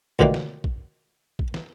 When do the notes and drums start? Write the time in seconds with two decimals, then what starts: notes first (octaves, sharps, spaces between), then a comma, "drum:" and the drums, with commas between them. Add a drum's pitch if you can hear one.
0.19 C#2 B2 D3 D#3 A3 A#3, drum: kick
0.34 drum: snare
0.64 drum: kick
1.39 drum: kick
1.54 drum: snare